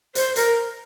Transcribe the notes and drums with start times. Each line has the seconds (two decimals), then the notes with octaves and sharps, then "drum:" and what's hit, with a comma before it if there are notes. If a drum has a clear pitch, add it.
0.15 C5, drum: hi-hat
0.36 A#4, drum: hi-hat